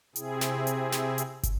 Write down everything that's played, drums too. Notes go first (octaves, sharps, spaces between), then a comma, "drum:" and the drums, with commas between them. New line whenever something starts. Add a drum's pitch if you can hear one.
C3 C4 E4 G#4, drum: hi-hat
drum: snare
drum: hi-hat
drum: snare
drum: hi-hat
drum: kick, hi-hat